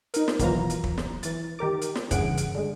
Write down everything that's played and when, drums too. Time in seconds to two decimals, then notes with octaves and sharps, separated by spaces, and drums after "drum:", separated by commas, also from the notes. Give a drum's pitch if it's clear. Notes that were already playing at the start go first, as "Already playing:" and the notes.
0.14 D#4 A#4, drum: hi-hat
0.28 drum: snare
0.39 B2 D#3 E3 F#3 F4 A#5, drum: kick, hi-hat
0.70 drum: hi-hat
0.84 drum: kick
0.98 drum: snare
1.23 E3 A6, drum: hi-hat
1.59 D#3 G4 A#4 D6
1.81 drum: hi-hat
1.95 drum: snare
2.11 G2 C#3 E3 G#4 F#5 D7, drum: kick, hi-hat
2.37 drum: hi-hat
2.55 D3 G#3